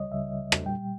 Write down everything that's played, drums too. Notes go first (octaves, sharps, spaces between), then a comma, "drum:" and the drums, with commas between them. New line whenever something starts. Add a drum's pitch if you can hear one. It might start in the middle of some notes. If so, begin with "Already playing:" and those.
Already playing: C#2 C#3 G3 C#5 D#5
C#2 C#3 G3 E5
drum: rim click
A#2 G3 G5